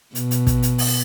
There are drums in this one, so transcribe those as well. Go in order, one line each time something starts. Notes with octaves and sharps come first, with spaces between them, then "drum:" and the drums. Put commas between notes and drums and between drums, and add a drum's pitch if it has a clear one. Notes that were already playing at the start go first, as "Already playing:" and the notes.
B2, drum: hi-hat
drum: hi-hat
drum: kick, hi-hat
drum: hi-hat
drum: open hi-hat